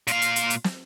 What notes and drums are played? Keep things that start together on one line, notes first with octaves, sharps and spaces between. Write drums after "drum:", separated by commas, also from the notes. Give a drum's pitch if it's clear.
A#2 F5, drum: hi-hat
drum: hi-hat
drum: hi-hat
drum: hi-hat
drum: snare